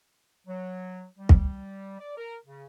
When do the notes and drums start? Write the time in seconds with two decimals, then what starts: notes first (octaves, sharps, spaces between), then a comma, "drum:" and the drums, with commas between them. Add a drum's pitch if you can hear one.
0.47 F#3
1.18 G3
1.29 drum: kick
2.00 D5
2.17 A#4
2.46 C#3